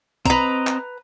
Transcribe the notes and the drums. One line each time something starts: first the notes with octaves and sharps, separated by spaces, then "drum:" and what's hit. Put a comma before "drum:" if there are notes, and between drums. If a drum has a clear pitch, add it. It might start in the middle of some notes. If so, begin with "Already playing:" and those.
C4 B4 D#5 A#5, drum: kick B1, hi-hat
drum: clap